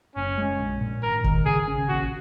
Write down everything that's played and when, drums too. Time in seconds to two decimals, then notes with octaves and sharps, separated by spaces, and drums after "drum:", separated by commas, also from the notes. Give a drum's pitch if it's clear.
0.16 F#1 C#4
0.37 G#3
0.59 A#1
0.81 A#2
1.03 G#1 A#4
1.24 D#3, drum: kick F#1
1.45 C#3 G#4
1.68 C#4
1.89 A#1 F#4